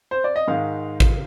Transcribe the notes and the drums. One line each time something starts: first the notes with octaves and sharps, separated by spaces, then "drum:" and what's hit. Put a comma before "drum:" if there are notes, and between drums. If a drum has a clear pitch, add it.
C5
D5
D#5
G#2 D#3 G#3 F5
drum: kick